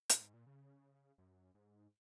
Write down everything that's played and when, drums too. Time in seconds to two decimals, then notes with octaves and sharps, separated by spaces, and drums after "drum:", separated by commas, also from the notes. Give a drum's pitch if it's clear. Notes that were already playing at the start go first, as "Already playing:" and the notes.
0.09 A#2, drum: hi-hat
0.21 G#2
0.34 A#2
0.47 C#3
1.18 F#2
1.55 G#2